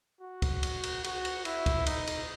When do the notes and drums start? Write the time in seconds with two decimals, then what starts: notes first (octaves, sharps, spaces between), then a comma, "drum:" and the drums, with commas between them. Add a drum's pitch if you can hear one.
0.21 F#4
0.42 drum: kick, cymbal
0.63 drum: cymbal
0.83 drum: cymbal
1.04 F#4, drum: cymbal
1.25 drum: cymbal
1.45 E4, drum: cymbal
1.66 drum: kick, cymbal
1.86 D#4, drum: cymbal
2.07 drum: cymbal